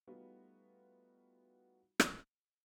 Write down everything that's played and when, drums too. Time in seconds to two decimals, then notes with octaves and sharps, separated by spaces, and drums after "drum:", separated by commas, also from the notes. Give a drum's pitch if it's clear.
0.07 G3 A3 B3 D#4 F4 F#4
2.00 drum: rim click